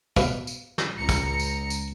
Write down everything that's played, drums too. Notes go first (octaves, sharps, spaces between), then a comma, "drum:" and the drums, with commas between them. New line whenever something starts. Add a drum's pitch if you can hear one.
B2 B4 F5, drum: kick, tambourine
drum: tambourine
drum: snare
C#2 A#5 C#7
drum: kick, tambourine
drum: tambourine
drum: tambourine